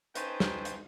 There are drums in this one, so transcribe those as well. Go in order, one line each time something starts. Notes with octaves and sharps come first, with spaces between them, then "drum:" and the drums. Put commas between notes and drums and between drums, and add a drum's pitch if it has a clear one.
C#4 D#4 B4 C5 G5 A5, drum: hi-hat
drum: snare
drum: hi-hat